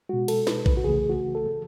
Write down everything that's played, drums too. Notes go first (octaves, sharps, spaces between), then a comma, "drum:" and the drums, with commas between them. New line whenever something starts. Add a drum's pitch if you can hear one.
B2 G#3 F#4
A4, drum: cymbal
B4, drum: snare
B4, drum: kick A#1
F#4
C#3 E3 A3 G#4
F#4
A4